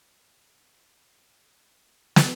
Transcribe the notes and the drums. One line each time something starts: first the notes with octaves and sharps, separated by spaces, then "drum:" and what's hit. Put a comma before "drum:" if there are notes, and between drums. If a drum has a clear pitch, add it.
F3 A#4
drum: snare